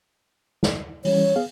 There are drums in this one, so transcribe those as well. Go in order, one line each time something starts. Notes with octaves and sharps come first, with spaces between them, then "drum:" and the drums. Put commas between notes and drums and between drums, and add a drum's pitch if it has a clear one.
drum: snare
E3 G3 C#4 C#5, drum: open hi-hat
B3 G#4 F5